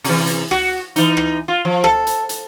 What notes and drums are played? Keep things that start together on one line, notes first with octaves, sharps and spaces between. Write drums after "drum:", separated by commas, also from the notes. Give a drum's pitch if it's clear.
C3 E3, drum: open hi-hat
drum: hi-hat
F#4, drum: rim click
E3 D#4, drum: hi-hat
drum: rim click
F4
F3
A4, drum: rim click
drum: hi-hat
drum: hi-hat